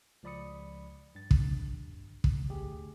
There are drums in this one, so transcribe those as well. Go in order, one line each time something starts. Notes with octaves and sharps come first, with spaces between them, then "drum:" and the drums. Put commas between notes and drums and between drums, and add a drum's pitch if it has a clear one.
C#2 F3 D5 B5 D#6 C#7
G2 A6
drum: kick
drum: kick
D2 G4 G#4